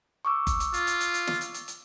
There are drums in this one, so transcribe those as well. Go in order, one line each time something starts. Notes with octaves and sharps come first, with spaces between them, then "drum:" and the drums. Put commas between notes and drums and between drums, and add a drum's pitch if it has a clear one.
C#6 D6 E6
drum: kick F#1, hi-hat
drum: hi-hat
F4, drum: hi-hat
drum: hi-hat
drum: hi-hat
drum: hi-hat
drum: snare
drum: hi-hat
drum: hi-hat
drum: hi-hat